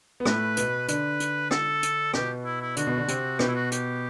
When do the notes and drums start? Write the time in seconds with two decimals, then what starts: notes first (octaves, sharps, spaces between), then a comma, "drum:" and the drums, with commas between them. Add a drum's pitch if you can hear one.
0.20 B3
0.25 A2 A3 B4, drum: rim click
0.57 B2 B3, drum: hi-hat
0.88 D3 D4 B4, drum: hi-hat
1.20 drum: hi-hat
1.51 A4, drum: rim click
1.83 drum: hi-hat
2.14 B2 B3 G4, drum: rim click
2.45 E4
2.62 E4
2.76 D3 D4 F#4, drum: hi-hat
2.87 B2 B3
2.97 D3 D4
3.08 C3 C4, drum: hi-hat
3.39 B2 B3 G4, drum: rim click
3.48 E4
3.55 F#4
3.72 G4, drum: hi-hat